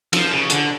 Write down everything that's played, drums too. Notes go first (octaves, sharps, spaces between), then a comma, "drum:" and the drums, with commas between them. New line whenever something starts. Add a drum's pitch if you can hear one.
F3, drum: cymbal
C#3
D3, drum: hi-hat